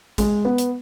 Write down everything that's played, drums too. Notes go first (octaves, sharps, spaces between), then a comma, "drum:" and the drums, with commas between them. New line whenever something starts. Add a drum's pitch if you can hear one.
G#3, drum: kick A1, hi-hat
B3
drum: hi-hat